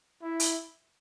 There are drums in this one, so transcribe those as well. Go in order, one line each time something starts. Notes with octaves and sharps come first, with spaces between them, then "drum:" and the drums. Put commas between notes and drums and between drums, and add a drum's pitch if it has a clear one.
E4
drum: hi-hat